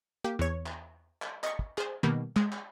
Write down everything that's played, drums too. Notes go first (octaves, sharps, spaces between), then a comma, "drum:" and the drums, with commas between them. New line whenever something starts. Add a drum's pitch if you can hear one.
A#3 G4
E2 C#5
drum: clap
drum: clap
D#5 C#6, drum: clap
drum: kick
G#4 C5, drum: clap
B2 D#3 G3 A#3
G#3, drum: clap
drum: clap